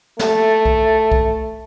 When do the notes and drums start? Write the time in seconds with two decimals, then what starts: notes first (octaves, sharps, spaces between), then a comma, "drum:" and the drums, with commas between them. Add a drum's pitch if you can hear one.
0.19 A3, drum: snare
0.65 drum: kick B1
1.12 drum: kick B1